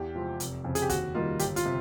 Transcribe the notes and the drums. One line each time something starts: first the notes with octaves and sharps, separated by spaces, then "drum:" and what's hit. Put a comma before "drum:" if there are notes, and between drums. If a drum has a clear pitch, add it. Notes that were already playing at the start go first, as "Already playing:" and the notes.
Already playing: E2 G4
C3 F3 G#3 C4
F1, drum: hi-hat
F2 C#3
G#4, drum: hi-hat
G4
D#2 F#4, drum: kick, hi-hat
D#3 G3 A#3 D#4 F4
G1 G4, drum: hi-hat
F4, drum: hi-hat
C3